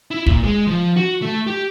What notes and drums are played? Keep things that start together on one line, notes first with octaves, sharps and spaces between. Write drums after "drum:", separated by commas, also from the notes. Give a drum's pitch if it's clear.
E4
A#2, drum: kick
G#3
F3
F#4
A3
G4